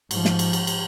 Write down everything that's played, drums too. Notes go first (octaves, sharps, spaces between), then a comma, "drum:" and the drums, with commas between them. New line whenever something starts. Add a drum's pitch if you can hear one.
G#2 F3, drum: cymbal
drum: snare
drum: cymbal
drum: cymbal
drum: cymbal